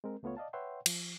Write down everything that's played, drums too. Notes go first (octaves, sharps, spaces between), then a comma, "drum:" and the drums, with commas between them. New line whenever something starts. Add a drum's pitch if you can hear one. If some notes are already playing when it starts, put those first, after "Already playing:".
G#3 C4 A#4
C#2 A3 B3 F4 C#5
D5 D#5 F5 A5
B4 C#5 E5 F#5 G5 C6
F3, drum: cymbal